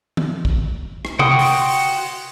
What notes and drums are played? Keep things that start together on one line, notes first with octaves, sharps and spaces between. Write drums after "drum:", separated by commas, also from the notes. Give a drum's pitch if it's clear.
drum: tom D#3
drum: kick
drum: rim click
F#4 F#5 G5 C6 D#6, drum: tom C3
drum: open hi-hat
drum: open hi-hat